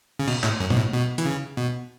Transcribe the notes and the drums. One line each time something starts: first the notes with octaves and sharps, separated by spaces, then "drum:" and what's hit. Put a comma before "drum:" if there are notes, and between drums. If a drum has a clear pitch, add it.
C#3
B2, drum: cymbal
A2, drum: clap
F#2
B2, drum: tom A#2
A2
B2
E3, drum: hi-hat
C#3
B2